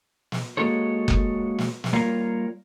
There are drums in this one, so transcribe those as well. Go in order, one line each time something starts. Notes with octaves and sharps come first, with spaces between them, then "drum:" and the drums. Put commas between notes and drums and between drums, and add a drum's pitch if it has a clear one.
drum: snare
G#3 A#3 F#4 A4 C#5
drum: kick F#1
drum: snare
drum: snare
G3 A#3 F4 A#4 C#5 F5